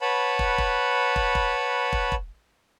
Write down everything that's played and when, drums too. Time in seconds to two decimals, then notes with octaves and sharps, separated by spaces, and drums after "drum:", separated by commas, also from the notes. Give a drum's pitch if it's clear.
0.01 B4 C#5 F#5 A5 B5
0.39 drum: kick
0.58 drum: kick
1.16 drum: kick
1.35 drum: kick
1.93 drum: kick
2.12 drum: kick